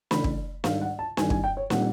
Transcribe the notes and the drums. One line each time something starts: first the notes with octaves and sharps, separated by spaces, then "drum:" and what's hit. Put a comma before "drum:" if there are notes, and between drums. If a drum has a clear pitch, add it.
C#3 E3 A3 B5, drum: snare
drum: kick
G#2 D#3 G3 F5, drum: snare
F#5
A5
G2 D#3 G3 C4 E4 G#5, drum: snare
G#5, drum: kick
G5
C#5
A#2 G3 C4 D#4 F#5, drum: snare